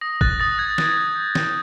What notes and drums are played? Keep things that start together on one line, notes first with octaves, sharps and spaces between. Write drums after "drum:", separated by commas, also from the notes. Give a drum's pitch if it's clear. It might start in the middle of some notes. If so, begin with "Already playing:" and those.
D#6 A#6
F#6 A6, drum: kick
D#6 A6
F#6 G#6
F#6, drum: snare
F#6
G6
G6, drum: snare